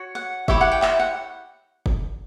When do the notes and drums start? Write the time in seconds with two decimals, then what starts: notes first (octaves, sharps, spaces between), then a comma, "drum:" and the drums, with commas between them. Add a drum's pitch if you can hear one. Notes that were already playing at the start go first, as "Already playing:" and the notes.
Already playing: F#4 C#5
0.15 F#5
0.48 E4 G4 C#5 E5, drum: kick
0.61 F#5
0.72 G5
0.82 E5, drum: clap
1.00 F#5
1.86 drum: kick